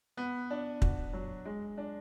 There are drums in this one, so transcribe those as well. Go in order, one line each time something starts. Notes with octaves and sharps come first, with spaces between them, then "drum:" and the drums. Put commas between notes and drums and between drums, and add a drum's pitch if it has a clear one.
B3
D4
F#4, drum: kick
F#3
G#3
D4